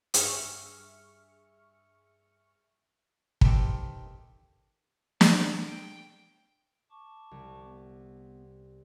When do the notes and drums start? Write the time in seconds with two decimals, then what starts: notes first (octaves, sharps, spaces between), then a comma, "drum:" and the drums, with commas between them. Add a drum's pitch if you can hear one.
0.14 G2 G#4 E5 C#6 F6 C#7, drum: hi-hat
3.41 D#3 G4 A4 B4 C5, drum: kick
5.21 B2, drum: snare
5.48 C3
5.68 G5
6.91 A5 C#6 D6
7.31 C2 G3
7.64 B3